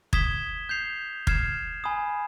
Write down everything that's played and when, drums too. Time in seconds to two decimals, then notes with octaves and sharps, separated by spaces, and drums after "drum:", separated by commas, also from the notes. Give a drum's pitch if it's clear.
0.13 D#6 G#6 B6 E7 G7, drum: kick
0.69 G6 C7 F7
1.27 F6 G#6 C7 E7, drum: kick
1.84 G#5 B5 D#6